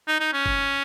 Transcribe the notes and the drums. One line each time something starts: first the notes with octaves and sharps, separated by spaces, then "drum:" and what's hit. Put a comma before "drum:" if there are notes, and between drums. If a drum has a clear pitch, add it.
D#4
D#4
C#4
drum: kick F#1